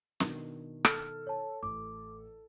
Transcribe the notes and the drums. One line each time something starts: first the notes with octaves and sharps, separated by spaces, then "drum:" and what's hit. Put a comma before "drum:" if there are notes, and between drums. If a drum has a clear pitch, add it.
B2 D#3 D4, drum: snare
A4 F6, drum: rim click
C#5 A5
A1 D6